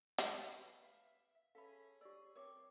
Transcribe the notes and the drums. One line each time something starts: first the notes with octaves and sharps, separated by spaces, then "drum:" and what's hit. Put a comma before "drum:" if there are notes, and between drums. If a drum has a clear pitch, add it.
drum: hi-hat
B4 E5
E5 F5
C#4 G#4 A4 E5 F5 B5
G4 D5 E6
C4 A4 A#4 C#5 E5 D6